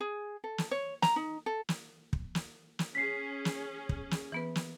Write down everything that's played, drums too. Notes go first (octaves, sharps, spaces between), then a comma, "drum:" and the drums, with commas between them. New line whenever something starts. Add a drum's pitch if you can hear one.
G#4
A4
drum: snare
C#5
A#5, drum: snare
D#4
A4
drum: snare
drum: kick
drum: snare
drum: snare
C#4 G#4 B6 C7
drum: snare
drum: kick
drum: snare
E3 B3 B4
drum: snare